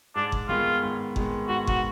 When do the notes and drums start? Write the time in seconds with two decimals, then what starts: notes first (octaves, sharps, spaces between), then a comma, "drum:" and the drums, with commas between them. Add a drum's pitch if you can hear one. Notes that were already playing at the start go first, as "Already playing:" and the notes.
0.15 G#2 D4
0.32 drum: kick F#1
0.49 D#3 G#3 B3 F4
0.82 G#2
1.16 D#3 G#3 B3, drum: kick F#1
1.48 G#2 F#4
1.67 F#4, drum: kick F#1